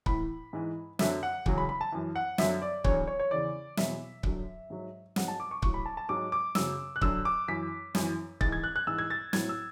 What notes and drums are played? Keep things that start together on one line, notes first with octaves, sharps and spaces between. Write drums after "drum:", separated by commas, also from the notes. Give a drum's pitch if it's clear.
A2 E3 B5, drum: kick C#1
G#2 E3
F#2 D3 F#3 E5, drum: snare
F#5
E2 C#3 F#3, drum: kick C#1
B5
B5
A5
F#2 E3
F#5
F#2 D3 F#3 E5, drum: snare
D5
E2 D3 F#3 C#5, drum: kick C#1
C#5
C#5
E2 C#3 E3 D5
E2 B2 F#3 E5, drum: snare
F#2 D3 F#3, drum: kick C#1
G#2 F#3
G#2 F#3 F#5, drum: snare
A5
D6
C#6
A2 F#3 C#6, drum: kick C#1
B5
A5
A5
G#2 F#3 D6
D6
F#2 C#3 F#3 E6, drum: snare
F#6
F#2 D3 F#3 E6, drum: kick C#1
D6
F#2 E3 B6
F#2 E3, drum: snare
G#2 E3 A6, drum: kick C#1
G#6
F#6
F#6
G#2 E3 E6
G#6
A6
A2 F#3 G#6, drum: snare
E6